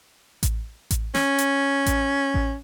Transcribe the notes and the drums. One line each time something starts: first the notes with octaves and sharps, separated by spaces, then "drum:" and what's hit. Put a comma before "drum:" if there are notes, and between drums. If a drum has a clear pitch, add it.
drum: kick A1, hi-hat
drum: kick A1, hi-hat
C#4, drum: snare
drum: hi-hat
drum: kick A1, hi-hat
drum: kick A1